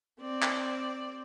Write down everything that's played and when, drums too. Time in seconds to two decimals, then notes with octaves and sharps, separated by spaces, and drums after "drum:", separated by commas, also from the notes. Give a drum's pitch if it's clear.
0.21 C4 D5
0.42 drum: clap